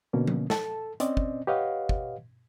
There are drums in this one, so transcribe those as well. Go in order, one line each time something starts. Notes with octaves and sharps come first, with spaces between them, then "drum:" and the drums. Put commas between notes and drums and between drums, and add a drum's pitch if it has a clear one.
B2 D3 A#3 C#4
drum: tom F3
A4 A5, drum: snare
C4 C#4 C5 D5 D#5, drum: hi-hat
drum: kick
G4 B4 C#5 D#5 F5 F#5
drum: kick